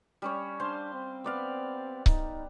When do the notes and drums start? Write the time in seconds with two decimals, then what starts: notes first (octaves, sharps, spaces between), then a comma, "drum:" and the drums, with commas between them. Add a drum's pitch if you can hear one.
0.22 G3 C#4 C#5
0.60 D4 C5 F5 C6
0.94 C4
1.24 B3 D5 F5
2.06 D#4, drum: kick C#1